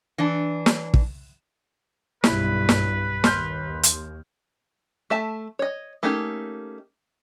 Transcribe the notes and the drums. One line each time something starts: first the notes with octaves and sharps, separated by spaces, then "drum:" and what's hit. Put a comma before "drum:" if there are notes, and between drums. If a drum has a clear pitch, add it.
E3 D4
drum: snare
drum: kick
B1 G2 E4 B4, drum: snare
drum: snare
D#2 C6 F6 G6, drum: snare
drum: hi-hat
A3 E5 A5
C#5 D#5
A3 A#3 C#4 D#4 G4